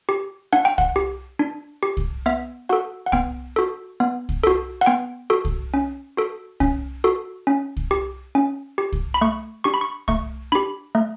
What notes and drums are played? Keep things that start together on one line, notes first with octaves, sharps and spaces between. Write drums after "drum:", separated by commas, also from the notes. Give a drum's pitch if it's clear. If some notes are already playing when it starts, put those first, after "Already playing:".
G4
D4 F#5
G5
F#5, drum: kick C2
G4
D4
G4
drum: kick C2
B3 E5
F#4 A4 F#5
F#5
B3 G5, drum: kick C2
F#4 A4
B3
drum: kick C2
F#4 A4
F#5
B3 G5
F#4 A4
drum: kick C2
C#4
F#4 A4
C#4, drum: kick C2
F#4 A4
C#4
drum: kick C2
G4
C#4
G4
drum: kick C2
B5
A3 C#6
D4 G4 C#6
B5
C#6
A3 C#6, drum: kick C2
D4 G4 B5
A3